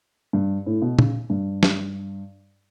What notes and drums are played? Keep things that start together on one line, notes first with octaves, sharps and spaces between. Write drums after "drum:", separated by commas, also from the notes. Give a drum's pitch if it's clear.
G2
A2
B2
C#3, drum: tom A#2
G2
drum: snare